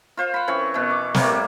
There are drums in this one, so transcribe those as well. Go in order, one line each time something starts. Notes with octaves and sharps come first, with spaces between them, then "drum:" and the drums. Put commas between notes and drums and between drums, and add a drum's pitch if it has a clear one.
F4 C5 F5
F#5 B5
E3 C4 C#4 C#6
B2 E3
D6
A2 C3 G3 A#3, drum: snare